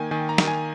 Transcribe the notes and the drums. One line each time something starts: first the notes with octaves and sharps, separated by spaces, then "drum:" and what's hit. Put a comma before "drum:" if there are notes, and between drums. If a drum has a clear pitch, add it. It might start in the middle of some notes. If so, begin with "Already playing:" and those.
Already playing: D#3 A#3 G5 G#5
D#3 G#5
A#5
D#3, drum: snare
G#5